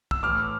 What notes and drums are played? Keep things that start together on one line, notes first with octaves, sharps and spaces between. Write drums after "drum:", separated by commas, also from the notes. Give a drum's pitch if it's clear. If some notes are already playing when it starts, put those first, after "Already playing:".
E6, drum: kick
A2 E3 D6 F6